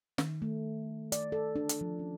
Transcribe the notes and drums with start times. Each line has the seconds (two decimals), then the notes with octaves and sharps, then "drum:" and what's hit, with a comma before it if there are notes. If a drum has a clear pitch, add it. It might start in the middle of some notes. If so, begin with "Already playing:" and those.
0.18 D#3, drum: snare
0.42 A3
1.12 D5, drum: hi-hat
1.32 A4
1.56 D4
1.69 drum: hi-hat
1.81 F3
1.99 C#4